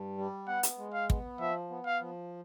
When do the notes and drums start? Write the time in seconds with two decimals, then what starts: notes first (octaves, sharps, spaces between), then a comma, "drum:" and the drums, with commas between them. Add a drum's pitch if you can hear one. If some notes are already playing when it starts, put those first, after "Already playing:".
Already playing: G2
0.18 G3
0.47 B3 F#5
0.63 drum: hi-hat
0.78 G#3
0.93 F5
1.10 B3, drum: kick
1.39 F3 E5
1.70 B3
1.86 F5
2.01 F3